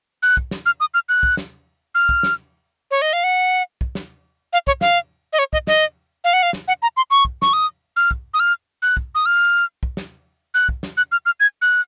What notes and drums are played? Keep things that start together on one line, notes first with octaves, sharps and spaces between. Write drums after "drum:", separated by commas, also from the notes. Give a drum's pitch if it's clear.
F#6
drum: kick
drum: snare
F6
D#6
F6
F#6
drum: kick
drum: snare
F6
drum: kick
drum: snare
C#5
D#5
F5
F#5
drum: kick
drum: snare
F5
C#5, drum: kick
F5, drum: snare
D#5
C#5
D#5, drum: kick
D#5, drum: snare
F5
F#5
F5
drum: snare
F#5
A#5
C6
C#6
drum: kick
C#6, drum: snare
D#6
F6
drum: kick
D#6
F6
F#6
drum: kick
D#6
F6
drum: kick
drum: snare
F#6
drum: kick
drum: snare
F#6
F6
F6
G#6
F#6